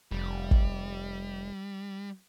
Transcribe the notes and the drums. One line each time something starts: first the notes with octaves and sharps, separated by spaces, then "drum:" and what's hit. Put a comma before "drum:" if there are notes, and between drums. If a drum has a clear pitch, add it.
F1 G3
drum: kick